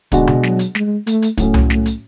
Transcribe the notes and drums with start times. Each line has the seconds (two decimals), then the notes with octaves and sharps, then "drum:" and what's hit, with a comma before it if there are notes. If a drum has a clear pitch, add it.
0.12 B2 D3 G#3 D4 F#4, drum: kick, hi-hat
0.27 drum: tom B2
0.43 F#3, drum: snare
0.59 drum: hi-hat
0.75 G#3, drum: snare
1.07 A3, drum: hi-hat
1.22 drum: hi-hat
1.38 A2 F#3 A3 C#4, drum: kick, hi-hat
1.54 drum: tom C2
1.70 A3, drum: snare
1.86 drum: hi-hat